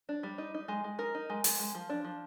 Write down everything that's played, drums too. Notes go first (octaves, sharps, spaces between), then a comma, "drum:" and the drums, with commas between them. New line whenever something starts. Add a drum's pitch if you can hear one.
D4
G3
D#4
D#4
G#3
G#3
D#4 A#4
D#4
G#3
G#3, drum: open hi-hat
G#3
F3
D4
F3